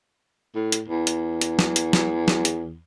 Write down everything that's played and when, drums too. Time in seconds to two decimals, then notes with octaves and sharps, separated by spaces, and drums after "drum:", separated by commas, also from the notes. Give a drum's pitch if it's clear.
0.55 A2
0.72 drum: hi-hat
0.88 E2
1.07 drum: hi-hat
1.41 drum: hi-hat
1.59 drum: snare
1.76 drum: hi-hat
1.93 drum: snare
2.28 drum: snare
2.45 drum: hi-hat